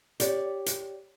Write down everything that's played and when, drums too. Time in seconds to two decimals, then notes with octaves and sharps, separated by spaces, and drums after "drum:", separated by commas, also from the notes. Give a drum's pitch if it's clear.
0.20 G4 C#5 D5, drum: hi-hat
0.66 drum: hi-hat